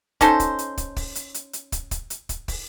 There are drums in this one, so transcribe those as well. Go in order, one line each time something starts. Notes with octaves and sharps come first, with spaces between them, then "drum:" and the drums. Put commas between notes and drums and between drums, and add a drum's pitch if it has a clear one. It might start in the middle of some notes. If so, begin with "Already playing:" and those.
C#4 D#4 A4 C5, drum: kick, hi-hat
drum: kick, hi-hat
drum: hi-hat
drum: kick, hi-hat
drum: kick, open hi-hat
drum: hi-hat
drum: hi-hat
drum: hi-hat
drum: kick, hi-hat
drum: kick, hi-hat
drum: hi-hat
drum: kick, hi-hat
drum: kick, open hi-hat